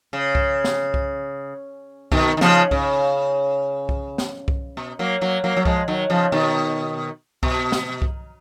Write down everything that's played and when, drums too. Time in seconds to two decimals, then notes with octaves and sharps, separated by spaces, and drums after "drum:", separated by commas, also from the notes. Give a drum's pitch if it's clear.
0.13 C#3
0.35 drum: kick C2
0.64 drum: snare
0.94 drum: kick C2
2.12 B2 D#3, drum: kick C2
2.37 D#3
2.41 C#3 F3, drum: snare
2.71 C#3, drum: kick C2
3.89 drum: kick C2
4.18 drum: snare
4.48 drum: kick C2
4.77 B2
4.99 F#3 A#3
5.21 F#3 A#3
5.44 F#3 A#3
5.57 F#3
5.65 F3 G#3, drum: kick C2
5.88 D#3 F#3
6.10 C#3 F3
6.32 B2 D#3
7.43 B2, drum: kick C2
7.72 drum: snare
8.02 drum: kick C2